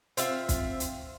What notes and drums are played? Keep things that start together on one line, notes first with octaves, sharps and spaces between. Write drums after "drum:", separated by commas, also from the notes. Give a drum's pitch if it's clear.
C4 F4 E5, drum: hi-hat
drum: kick, hi-hat
drum: hi-hat